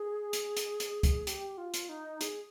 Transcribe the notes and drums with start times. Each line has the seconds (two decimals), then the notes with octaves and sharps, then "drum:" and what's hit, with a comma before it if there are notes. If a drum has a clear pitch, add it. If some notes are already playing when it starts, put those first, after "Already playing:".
Already playing: G#4
0.33 drum: hi-hat
0.57 drum: hi-hat
0.80 drum: hi-hat
1.03 drum: kick, hi-hat
1.27 G4, drum: hi-hat
1.58 F4
1.74 drum: hi-hat
1.89 D#4
2.21 G#4, drum: hi-hat